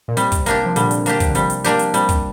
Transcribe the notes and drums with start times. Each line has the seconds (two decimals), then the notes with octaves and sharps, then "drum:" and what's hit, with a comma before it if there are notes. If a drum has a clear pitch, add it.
0.08 A#2
0.17 C3 G3, drum: hi-hat
0.32 drum: kick, hi-hat
0.46 A#3 D4 G4, drum: hi-hat
0.66 F3
0.76 A#2 D3 G3, drum: hi-hat
0.91 drum: hi-hat
1.06 A#3 D4 G4, drum: hi-hat
1.20 drum: kick, hi-hat
1.30 D3
1.35 C3 F3 G3, drum: hi-hat
1.50 drum: hi-hat
1.64 A#3 D4 G4, drum: hi-hat
1.79 drum: hi-hat
1.94 C3 G3, drum: hi-hat
2.09 drum: kick, hi-hat